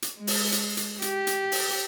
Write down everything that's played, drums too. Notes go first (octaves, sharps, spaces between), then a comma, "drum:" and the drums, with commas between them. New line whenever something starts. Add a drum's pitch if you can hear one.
drum: hi-hat
G#3
drum: open hi-hat
drum: hi-hat
drum: hi-hat
G4, drum: hi-hat
drum: hi-hat
drum: open hi-hat